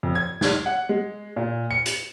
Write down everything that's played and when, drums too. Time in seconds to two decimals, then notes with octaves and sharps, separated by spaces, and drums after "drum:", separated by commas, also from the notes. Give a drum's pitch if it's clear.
0.03 F2
0.15 G#6
0.41 G#6, drum: snare
0.66 F#5
0.89 G#3
1.36 A#2
1.71 C#7
1.86 drum: hi-hat